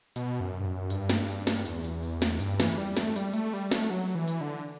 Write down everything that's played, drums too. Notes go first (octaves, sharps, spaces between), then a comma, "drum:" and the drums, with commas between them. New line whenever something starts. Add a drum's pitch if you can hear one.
B2, drum: hi-hat
F#2
G2
F#2
G2, drum: hi-hat
drum: snare
drum: hi-hat
drum: snare
E2, drum: hi-hat
drum: hi-hat
drum: open hi-hat
drum: snare
G2, drum: hi-hat
E3, drum: snare
G3
A3, drum: snare
G3, drum: hi-hat
A3, drum: hi-hat
G3, drum: open hi-hat
A3, drum: snare
F#3
E3
drum: hi-hat
D3